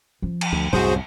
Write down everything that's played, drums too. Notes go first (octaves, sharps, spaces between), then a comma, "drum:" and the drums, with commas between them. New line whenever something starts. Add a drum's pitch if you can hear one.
F3
drum: cymbal
D2
C2 F#2 A2 E3 F#4 G#4 C5